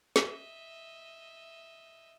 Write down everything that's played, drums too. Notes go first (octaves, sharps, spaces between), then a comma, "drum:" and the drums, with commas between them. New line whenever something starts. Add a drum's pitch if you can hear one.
D#5 E5, drum: snare